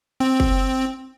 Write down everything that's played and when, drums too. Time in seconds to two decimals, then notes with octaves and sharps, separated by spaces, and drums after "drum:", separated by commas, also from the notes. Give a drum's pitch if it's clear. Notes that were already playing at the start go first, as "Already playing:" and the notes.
0.20 C4
0.40 drum: kick